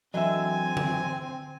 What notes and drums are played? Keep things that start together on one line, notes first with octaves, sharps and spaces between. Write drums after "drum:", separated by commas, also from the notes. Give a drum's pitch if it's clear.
D3 E3 F#3 C4 D#5 E5 G#5
drum: tom D3